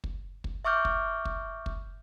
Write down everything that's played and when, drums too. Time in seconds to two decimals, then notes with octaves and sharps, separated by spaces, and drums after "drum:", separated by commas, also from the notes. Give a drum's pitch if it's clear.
0.04 drum: kick
0.44 drum: kick
0.65 E5 C#6 D6 F6 G6
0.85 drum: kick
1.25 drum: kick
1.66 drum: kick